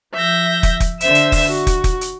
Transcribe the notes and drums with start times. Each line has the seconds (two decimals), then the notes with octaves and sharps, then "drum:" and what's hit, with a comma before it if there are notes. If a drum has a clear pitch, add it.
0.14 F3 E5 G6 A#6
0.63 drum: kick, hi-hat
0.80 drum: kick, hi-hat
1.01 D3 C5 E5 E6, drum: hi-hat
1.15 drum: hi-hat
1.32 drum: kick, open hi-hat
1.49 F#4
1.67 drum: kick, hi-hat
1.84 drum: kick, hi-hat
2.01 drum: hi-hat